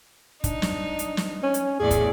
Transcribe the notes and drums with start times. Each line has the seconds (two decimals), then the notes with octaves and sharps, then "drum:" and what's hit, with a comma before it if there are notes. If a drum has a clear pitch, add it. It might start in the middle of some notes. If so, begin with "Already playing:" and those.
0.44 D4 D#4, drum: kick, hi-hat
0.62 drum: snare
0.99 drum: hi-hat
1.17 drum: snare
1.43 C#4
1.54 drum: hi-hat
1.79 E2 A2 G#4 D5
1.91 drum: kick, hi-hat